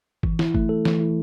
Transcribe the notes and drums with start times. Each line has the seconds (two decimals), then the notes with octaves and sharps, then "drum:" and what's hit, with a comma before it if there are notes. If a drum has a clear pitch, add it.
0.23 E3, drum: kick
0.39 E4, drum: snare
0.55 A3, drum: kick
0.69 A4
0.85 E3, drum: snare
1.01 E4